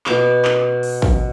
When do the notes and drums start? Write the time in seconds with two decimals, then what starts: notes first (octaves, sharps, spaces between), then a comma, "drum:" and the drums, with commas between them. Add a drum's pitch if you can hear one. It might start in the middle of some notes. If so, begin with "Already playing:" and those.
0.06 B2 B3 D6, drum: clap
0.45 drum: clap
0.83 drum: open hi-hat
1.02 drum: kick